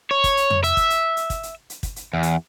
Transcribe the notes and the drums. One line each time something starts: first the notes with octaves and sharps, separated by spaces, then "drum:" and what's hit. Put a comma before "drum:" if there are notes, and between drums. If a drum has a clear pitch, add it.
C#5
drum: kick, hi-hat
drum: hi-hat
drum: tom
E5, drum: hi-hat
drum: kick, hi-hat
drum: hi-hat
drum: hi-hat
drum: kick, hi-hat
drum: hi-hat
drum: hi-hat
drum: kick, hi-hat
drum: hi-hat
E2
drum: hi-hat